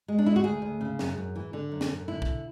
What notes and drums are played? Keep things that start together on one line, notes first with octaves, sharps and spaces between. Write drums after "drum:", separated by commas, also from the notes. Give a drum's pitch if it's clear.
G#3
D4
G#3 E4
F#4
D2 G#4
D2
C#3
F#2, drum: snare
F#2
E3
D3
F#2
drum: snare
F#2
D3 E4
drum: kick